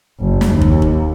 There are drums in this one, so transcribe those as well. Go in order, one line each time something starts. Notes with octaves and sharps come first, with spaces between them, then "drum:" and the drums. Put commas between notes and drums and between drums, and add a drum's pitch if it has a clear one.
F#1
drum: snare
D#2
drum: kick
drum: kick